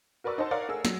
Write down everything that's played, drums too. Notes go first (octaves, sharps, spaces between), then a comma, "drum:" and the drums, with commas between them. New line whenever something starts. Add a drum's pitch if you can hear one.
F#4 A#4 B4 D5 C#6 E6
D#4 C5 D#5 F#5 A5
A#4 C#5 D5 F5 F#5
A3 G#4 A#4 F#5 E6
F#3, drum: snare